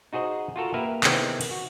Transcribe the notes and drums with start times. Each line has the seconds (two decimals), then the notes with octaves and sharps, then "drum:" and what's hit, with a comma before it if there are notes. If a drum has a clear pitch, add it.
0.13 D#4 F#4 G#4 C5 D#5
0.56 F4 F#4 A4 A#4
0.74 A#3 G4 A#4 B4 E5 F5
1.04 C3 D#3 E3 B3 C4 G#4, drum: clap
1.41 drum: cymbal
1.51 F#4